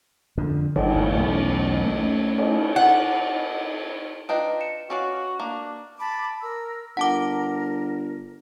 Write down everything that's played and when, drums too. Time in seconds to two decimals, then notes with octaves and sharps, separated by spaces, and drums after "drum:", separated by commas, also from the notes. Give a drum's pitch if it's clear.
0.38 F2 D3
0.76 G1 D3, drum: cymbal
0.96 G1 F2 G#2 A3
1.19 B1 E2 A3 C#4
1.86 A3 C#4
2.38 drum: cymbal
2.76 F#5
4.29 D4 D#4 F4 B4 D#5 G5
4.61 C#7 E7
4.90 C#4 F#4 D5 F5
5.40 A#3 D4
5.99 A5 B5 D6
6.41 A#4 E6
6.97 G1 A#4 F#5 A5 D6